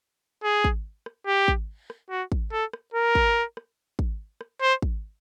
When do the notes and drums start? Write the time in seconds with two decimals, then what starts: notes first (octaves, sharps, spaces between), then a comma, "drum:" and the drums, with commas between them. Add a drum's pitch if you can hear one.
0.44 G#4
0.64 drum: kick
1.06 drum: rim click
1.27 G4
1.48 drum: kick
1.90 drum: rim click
2.10 F#4
2.32 drum: kick
2.52 A4
2.73 drum: rim click
2.94 A#4
3.15 drum: kick
3.57 drum: rim click
3.99 drum: kick
4.41 drum: rim click
4.61 C5
4.82 drum: kick